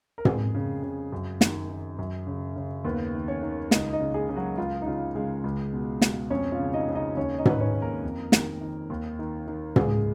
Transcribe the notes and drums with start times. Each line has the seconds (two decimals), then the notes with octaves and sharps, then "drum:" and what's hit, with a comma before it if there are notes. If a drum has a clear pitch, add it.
0.18 A#4
0.25 F2 G#3 G#4, drum: tom
0.55 C#3
0.83 C#3
1.12 F#2
1.41 D#3, drum: snare
1.70 D#3
1.99 F#2
2.27 C#3
2.56 C#3
2.85 D#2 B3 B4
3.14 D#3
3.28 C#4 C#5
3.43 D#3
3.71 C#2 D#4 D#5, drum: snare
3.93 D#4 D#5
4.00 C#3
4.14 G#3 G#4
4.29 C#3 G#4
4.36 F#3 F#4
4.58 C#2 F4
4.82 D#4
4.87 C#3 F4
5.15 C#3 G#3 G#4
5.44 C#2
5.73 B2
6.01 B2, drum: snare
6.30 F2 C#4 C#5
6.52 F4 F5
6.59 C#3
6.74 D#4 D#5
6.88 C#3
6.95 D#4 D#5
7.17 D#2 C#4 C#5
7.38 D#4 D#5
7.45 D#3 B4, drum: tom
7.60 C#4 C#5
7.74 D#3
7.82 A#3 A#4
8.03 F2
8.32 D#3, drum: snare
8.61 D#3
8.90 D#2
9.19 D#3
9.47 D#3
9.76 C#2 G#3 G#4, drum: tom